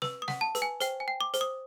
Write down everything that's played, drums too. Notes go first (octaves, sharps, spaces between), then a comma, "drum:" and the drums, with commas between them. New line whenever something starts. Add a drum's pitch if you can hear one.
B4 E6, drum: snare
D#6
F#5, drum: snare
A5
B4, drum: hi-hat
G#5
C5 G5, drum: hi-hat
G#5
G5
D6
C5, drum: hi-hat
D#6